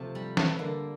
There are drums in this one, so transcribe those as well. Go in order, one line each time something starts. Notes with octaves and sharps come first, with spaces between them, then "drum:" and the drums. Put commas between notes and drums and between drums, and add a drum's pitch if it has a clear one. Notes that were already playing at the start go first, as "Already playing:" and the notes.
Already playing: C3 F3 A3
G3
E3, drum: snare
D3 A#3